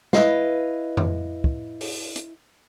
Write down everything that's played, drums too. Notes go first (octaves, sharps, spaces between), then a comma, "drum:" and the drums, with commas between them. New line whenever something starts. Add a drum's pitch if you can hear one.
E4 B4 D#5 F5, drum: snare
drum: tom F2
drum: kick
drum: open hi-hat
drum: hi-hat